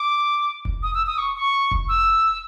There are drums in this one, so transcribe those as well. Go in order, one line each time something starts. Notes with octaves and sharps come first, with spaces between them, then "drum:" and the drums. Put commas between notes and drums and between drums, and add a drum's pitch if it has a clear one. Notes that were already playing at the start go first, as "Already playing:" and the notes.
Already playing: D6
drum: kick F1
D#6
E6
D#6
C#6
C#6
drum: kick F1
E6